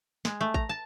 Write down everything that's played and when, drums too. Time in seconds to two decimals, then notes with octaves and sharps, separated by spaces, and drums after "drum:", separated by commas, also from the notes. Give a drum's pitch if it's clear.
0.25 G#3, drum: snare
0.41 A3
0.54 A#5, drum: kick A1
0.69 A5